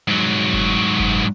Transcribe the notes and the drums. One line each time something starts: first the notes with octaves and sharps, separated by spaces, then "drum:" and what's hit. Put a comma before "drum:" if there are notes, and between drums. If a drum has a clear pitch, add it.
G#2 F#3
drum: kick F#1
drum: kick F#1